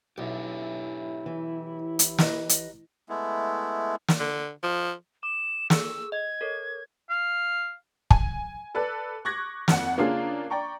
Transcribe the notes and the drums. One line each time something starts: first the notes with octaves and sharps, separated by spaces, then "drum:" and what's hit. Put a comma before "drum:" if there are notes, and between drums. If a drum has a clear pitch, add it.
B1 E4 G4 C#5 E5
E3
drum: hi-hat
B4 D#5 A#5, drum: snare
drum: hi-hat
G#3 A3 B3 E4
drum: snare
D3
F3
D6 E7
G#4 A4 E6, drum: snare
D#5 G#6
A4 A#4 C#5
F5
G#5, drum: kick
A4 B4 D5 A5 F#6
C#6 D6 F#6 G#6 A#6
G#1 F2 F#5, drum: snare
C#3 A#3 C#4 D4 F4 G#4
D5 G5 A#5 C#6